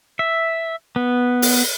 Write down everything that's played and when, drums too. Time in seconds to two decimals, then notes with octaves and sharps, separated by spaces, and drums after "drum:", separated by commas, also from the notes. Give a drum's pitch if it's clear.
0.19 E5
0.96 B3
1.42 drum: open hi-hat